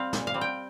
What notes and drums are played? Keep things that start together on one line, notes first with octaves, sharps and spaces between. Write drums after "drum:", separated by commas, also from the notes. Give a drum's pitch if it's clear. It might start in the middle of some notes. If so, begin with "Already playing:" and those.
Already playing: G3 C4 F5
A#2, drum: snare
F5
G3 C4
G5